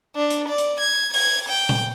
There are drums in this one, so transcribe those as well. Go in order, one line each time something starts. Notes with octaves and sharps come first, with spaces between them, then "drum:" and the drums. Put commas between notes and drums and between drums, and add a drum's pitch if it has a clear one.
D4
drum: hi-hat
D5
drum: hi-hat
G#6
G#6, drum: open hi-hat
G5
drum: tom A#2